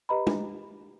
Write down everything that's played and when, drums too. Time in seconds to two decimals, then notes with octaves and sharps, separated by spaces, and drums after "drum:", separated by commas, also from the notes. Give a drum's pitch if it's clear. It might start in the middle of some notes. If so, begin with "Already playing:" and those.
0.09 G4 B4 D#5 A#5 B5
0.27 drum: tom